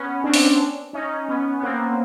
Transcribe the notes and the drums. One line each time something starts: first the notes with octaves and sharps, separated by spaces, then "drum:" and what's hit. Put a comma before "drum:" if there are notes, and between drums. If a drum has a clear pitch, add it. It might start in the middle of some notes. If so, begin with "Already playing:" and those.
Already playing: B3 C#4
C4 D4
drum: open hi-hat
C#4 D#4
B3 C#4
B3
A#3 C4